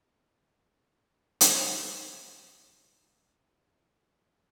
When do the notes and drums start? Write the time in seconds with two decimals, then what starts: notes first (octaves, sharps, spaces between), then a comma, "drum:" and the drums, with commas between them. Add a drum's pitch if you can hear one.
0.22 F#4 C6 D#6 G6
1.41 drum: hi-hat
2.55 C4 C5 A5 F6 B6
3.08 D#4 F#4 A4 A#4 C5 E5
3.55 B3 D4 A5